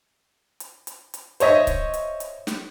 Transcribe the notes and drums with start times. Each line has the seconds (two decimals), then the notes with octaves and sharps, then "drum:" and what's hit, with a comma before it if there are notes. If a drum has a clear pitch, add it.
0.60 drum: hi-hat
0.87 drum: hi-hat
1.14 drum: hi-hat
1.40 C5 C#5 D#5 E5, drum: hi-hat
1.67 drum: kick C#1, hi-hat
1.94 drum: hi-hat
2.20 drum: hi-hat
2.47 drum: snare